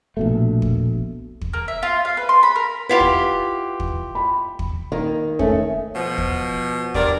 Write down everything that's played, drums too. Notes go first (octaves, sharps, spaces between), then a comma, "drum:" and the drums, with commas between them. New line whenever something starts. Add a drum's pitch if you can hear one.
A#1 B2 A3
drum: kick
drum: kick
A#3
E5
F4
F5
B4
C6
B5
A#4
E4 F4 G4 B4 F#5
drum: kick
drum: kick
B5
drum: kick
D#3 A#3
A3 C#4, drum: kick
B2 F3
drum: kick
G2 A#4 D5, drum: kick